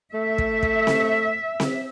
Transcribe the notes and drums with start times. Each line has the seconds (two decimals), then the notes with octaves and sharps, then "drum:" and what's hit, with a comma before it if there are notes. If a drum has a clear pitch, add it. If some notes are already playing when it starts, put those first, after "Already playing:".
0.14 A3 E5
0.38 drum: kick
0.63 drum: kick
0.87 drum: snare C4
1.60 drum: snare C4